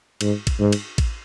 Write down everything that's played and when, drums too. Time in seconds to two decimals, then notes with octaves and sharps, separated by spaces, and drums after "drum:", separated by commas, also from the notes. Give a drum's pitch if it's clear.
0.21 G#2, drum: cymbal
0.47 drum: kick A1, cymbal
0.60 G#2
0.73 drum: cymbal
0.98 drum: kick A1, cymbal